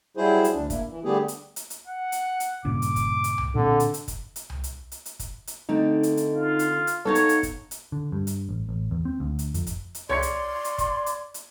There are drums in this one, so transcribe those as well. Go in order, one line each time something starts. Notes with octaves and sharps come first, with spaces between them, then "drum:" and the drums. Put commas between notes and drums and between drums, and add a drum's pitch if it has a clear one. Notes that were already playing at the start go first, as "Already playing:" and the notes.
F#3 G3 E4 G#4 C5
drum: hi-hat
D2 D4
A#3 E4, drum: kick, hi-hat
E3
D3 G3 A3 B3 G4 G#4
drum: hi-hat
drum: hi-hat
drum: hi-hat
F#5
drum: hi-hat
drum: hi-hat
G2 A#2 C#3 D6
drum: hi-hat
drum: kick, hi-hat
drum: hi-hat
drum: tom C2
A#2 D3 C4
drum: hi-hat
drum: hi-hat
drum: kick, hi-hat
drum: hi-hat
drum: tom C2
drum: hi-hat
drum: hi-hat
drum: hi-hat
drum: kick, hi-hat
drum: hi-hat
D3 A3 C4 D#4
drum: hi-hat
drum: hi-hat
F4
drum: hi-hat
drum: hi-hat
B3 D#4 A4 C#5 F5
drum: hi-hat
drum: hi-hat
drum: kick, hi-hat
drum: hi-hat
D3
G2
drum: hi-hat
A1
A1
E2
C4
D2
drum: hi-hat
F2, drum: hi-hat
drum: kick, hi-hat
drum: hi-hat
C#5 D5 C6 G#6 C#7, drum: tom C2
drum: hi-hat
drum: hi-hat
drum: kick, hi-hat
drum: hi-hat
drum: hi-hat